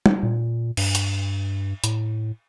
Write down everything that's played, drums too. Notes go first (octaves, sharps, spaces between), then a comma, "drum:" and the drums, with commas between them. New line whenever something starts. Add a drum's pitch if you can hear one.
drum: tom
A#2
G2, drum: cymbal
drum: hi-hat
A2, drum: hi-hat